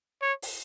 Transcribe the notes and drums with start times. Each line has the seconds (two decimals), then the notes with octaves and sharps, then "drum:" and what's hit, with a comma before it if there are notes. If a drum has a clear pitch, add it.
0.22 C#5
0.42 drum: open hi-hat